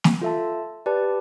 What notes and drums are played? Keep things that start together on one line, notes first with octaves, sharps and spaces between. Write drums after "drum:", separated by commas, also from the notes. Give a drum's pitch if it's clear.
drum: snare
F4 A4 E5 A5
G4 B4 D5 A5